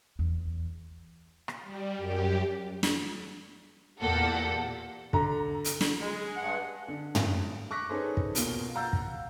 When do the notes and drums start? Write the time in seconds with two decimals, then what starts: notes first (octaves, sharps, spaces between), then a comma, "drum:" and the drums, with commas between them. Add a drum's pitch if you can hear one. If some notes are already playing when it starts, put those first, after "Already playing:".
0.19 E2
1.48 drum: rim click
1.63 G3
1.96 F#2 G4
2.83 drum: snare
4.01 E2 A#2 G4 A4 F#5
5.13 D3 A#5, drum: kick
5.65 drum: hi-hat
5.81 drum: snare
6.01 G#3
6.37 G2 F#5
6.88 D3
7.15 drum: tom
7.71 C#6 D6 F#6 A#6 B6
7.89 C#4 D#4 G#4 A4 B4 C5
8.17 drum: kick
8.35 B2 A#3 F4 G7, drum: hi-hat
8.75 F5 F#5 A#5 E6 G6 A6
8.93 drum: kick